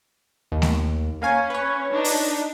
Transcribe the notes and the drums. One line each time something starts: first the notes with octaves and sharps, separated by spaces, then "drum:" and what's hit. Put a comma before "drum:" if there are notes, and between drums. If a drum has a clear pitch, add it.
D#2
drum: snare A3
A#3 C#4 F5 G#5
B4 C#5
D4 D#4
drum: open hi-hat